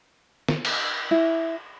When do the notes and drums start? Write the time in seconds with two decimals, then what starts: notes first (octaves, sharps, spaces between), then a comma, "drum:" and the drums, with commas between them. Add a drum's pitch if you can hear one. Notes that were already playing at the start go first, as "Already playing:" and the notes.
0.48 drum: snare
0.65 drum: cymbal
1.11 E4